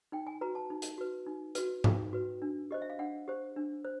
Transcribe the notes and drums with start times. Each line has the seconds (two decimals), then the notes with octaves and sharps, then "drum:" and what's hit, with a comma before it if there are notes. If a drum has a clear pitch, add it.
0.12 D#4 G5
0.27 G#5
0.41 F#4 B4 A#5
0.55 A5
0.70 D#4
0.82 drum: hi-hat
0.98 F#4 B4
1.27 D#4
1.55 F#4 B4, drum: hi-hat
1.84 D#4 G5, drum: tom G#2
2.13 F#4 B4
2.42 D4
2.71 G4 C5 D#5
2.82 E5
2.90 F5
2.99 D4 F#5
3.28 G4 C5
3.56 D4
3.84 C5